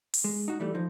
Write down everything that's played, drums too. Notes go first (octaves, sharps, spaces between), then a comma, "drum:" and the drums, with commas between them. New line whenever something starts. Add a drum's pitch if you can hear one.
drum: open hi-hat
G#3
D#4 F#4
E3 G3 A3
F3 D#4